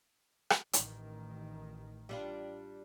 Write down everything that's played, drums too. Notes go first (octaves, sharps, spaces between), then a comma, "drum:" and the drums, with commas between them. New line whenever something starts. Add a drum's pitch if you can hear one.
drum: rim click
A1 D#3, drum: hi-hat
G3 D4 F4